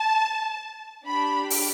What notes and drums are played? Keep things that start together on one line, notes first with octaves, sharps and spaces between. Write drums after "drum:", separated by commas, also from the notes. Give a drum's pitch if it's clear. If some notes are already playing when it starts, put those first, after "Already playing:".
Already playing: A5
D4 G4 B5
drum: open hi-hat